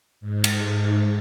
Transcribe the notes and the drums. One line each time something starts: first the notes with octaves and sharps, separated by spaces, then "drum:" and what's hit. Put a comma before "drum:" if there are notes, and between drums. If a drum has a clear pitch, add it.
G#2
drum: cymbal